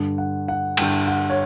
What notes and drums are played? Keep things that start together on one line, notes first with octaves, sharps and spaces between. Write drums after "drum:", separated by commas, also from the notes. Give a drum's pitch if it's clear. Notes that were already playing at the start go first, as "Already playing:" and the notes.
Already playing: G2 D3
F#5
F#5
G2 D3 G5, drum: cymbal
F#5
C#5